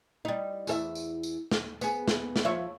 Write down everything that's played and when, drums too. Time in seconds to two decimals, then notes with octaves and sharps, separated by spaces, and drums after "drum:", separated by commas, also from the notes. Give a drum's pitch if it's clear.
0.25 G3 D#4
0.67 E2 A4 E5, drum: tambourine
0.95 drum: tambourine
1.23 drum: tambourine
1.51 drum: snare
1.81 B3 G#4, drum: tambourine
2.08 drum: snare
2.36 drum: snare
2.45 F3 C#5 E5